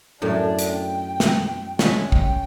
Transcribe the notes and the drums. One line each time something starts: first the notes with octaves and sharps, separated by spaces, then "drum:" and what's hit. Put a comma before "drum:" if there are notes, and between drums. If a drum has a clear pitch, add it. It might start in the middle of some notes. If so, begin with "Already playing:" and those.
F#2 A2 D4
drum: hi-hat
G5
drum: snare
G#3 C#4 E5, drum: snare
G5, drum: kick